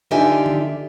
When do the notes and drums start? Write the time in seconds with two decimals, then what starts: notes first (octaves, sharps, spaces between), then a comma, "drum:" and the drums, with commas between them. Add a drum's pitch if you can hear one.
0.11 D3 D#4 F4 G4 E5 G#5
0.46 drum: tom D3